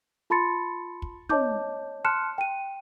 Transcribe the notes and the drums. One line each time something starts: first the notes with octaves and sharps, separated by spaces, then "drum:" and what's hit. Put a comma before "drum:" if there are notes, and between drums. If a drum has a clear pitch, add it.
F4 A5 B5 C6 A6 C#7
drum: kick
C#5 D#5 A5 D6 G6, drum: tom
A5 C6 F6 F#6 C#7 E7
G5 D#7